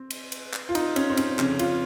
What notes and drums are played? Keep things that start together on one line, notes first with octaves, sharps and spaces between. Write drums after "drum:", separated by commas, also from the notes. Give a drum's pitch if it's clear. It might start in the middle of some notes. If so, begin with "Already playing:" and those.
Already playing: C4
drum: cymbal
drum: cymbal
drum: clap
F4
D#4, drum: cymbal
C#4, drum: cymbal
C4
C#4, drum: cymbal
F2 C#3 C#4, drum: clap
F4, drum: cymbal